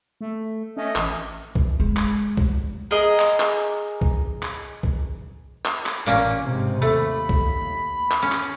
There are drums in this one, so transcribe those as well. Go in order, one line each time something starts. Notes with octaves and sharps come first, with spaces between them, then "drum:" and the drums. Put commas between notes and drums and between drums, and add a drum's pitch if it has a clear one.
A3
A3 C#4 D#5
A1, drum: clap
drum: kick
G#3
drum: clap
drum: kick
G#4 A#4 D#5
drum: clap
drum: clap
drum: kick
drum: clap
drum: kick
drum: clap
drum: clap
A1 A#2 A#3 C#4
G#2 C3
D#2 A3 B5
drum: kick
drum: clap
C#4
drum: clap